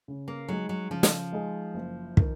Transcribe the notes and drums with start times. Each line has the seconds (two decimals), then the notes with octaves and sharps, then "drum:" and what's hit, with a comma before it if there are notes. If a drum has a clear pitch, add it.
0.08 C#3
0.28 A#3
0.48 F#3 G#3 D#4 G#4
0.69 F#3
0.90 C#3 F3
1.03 drum: snare
1.33 G#3 D#4 G#4
1.74 F#1
2.17 D#3, drum: kick